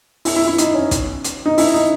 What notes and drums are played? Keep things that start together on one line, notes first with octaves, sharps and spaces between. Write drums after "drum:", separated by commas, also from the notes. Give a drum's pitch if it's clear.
E4, drum: open hi-hat
E4
E4
D#4, drum: hi-hat
C#4
drum: kick, hi-hat
drum: hi-hat
D#4
E4, drum: open hi-hat
D#4